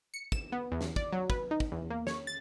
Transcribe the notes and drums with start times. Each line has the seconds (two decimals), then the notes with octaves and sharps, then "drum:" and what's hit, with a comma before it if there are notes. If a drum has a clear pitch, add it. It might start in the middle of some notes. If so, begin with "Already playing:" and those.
0.14 C#7
0.32 E7, drum: kick
0.52 B3
0.72 E2
0.81 drum: snare
0.96 D5, drum: kick
1.13 F#3
1.30 B4, drum: kick
1.51 D#4
1.60 drum: kick
1.72 E2
1.90 A#3
2.07 C#5, drum: snare
2.27 A6